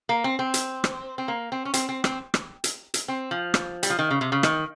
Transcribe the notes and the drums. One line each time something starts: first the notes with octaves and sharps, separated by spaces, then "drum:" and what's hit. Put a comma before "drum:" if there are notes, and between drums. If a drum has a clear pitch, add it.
A#3
C4
C4
drum: hi-hat
drum: rim click
C4
A#3
C4
C#4
C4, drum: hi-hat
C4
C4, drum: rim click
drum: rim click
drum: hi-hat
drum: hi-hat
C4
F3
drum: rim click
G3, drum: hi-hat
F3
D#3
C#3
C3
C#3
D#3, drum: rim click